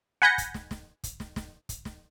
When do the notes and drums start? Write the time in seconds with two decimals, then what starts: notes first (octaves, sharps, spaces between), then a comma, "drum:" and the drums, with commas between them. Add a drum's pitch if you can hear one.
0.22 F#5 G#5 B5 G6 A#6 C#7
0.38 drum: kick, hi-hat
0.54 drum: snare
0.71 drum: snare
1.04 drum: kick, hi-hat
1.20 drum: snare
1.36 drum: snare
1.69 drum: kick, hi-hat
1.85 drum: snare